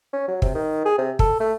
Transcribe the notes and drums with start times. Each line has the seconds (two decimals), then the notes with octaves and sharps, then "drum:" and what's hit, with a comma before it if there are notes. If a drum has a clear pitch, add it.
0.13 C#4
0.28 F#3
0.42 C3, drum: kick
0.55 D#3
0.85 G#4
0.98 C3
1.19 A4, drum: kick
1.40 A3